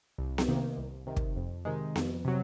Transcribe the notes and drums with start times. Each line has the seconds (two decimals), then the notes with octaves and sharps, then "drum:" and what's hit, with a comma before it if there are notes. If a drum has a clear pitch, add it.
0.18 C2
0.38 drum: snare B3
0.48 C3 D#3 A#3
0.78 C2
1.07 C3 D#3
1.16 drum: kick
1.36 F2
1.65 C3 D#3 G#3
1.96 F2, drum: snare B3
2.25 C3 F#3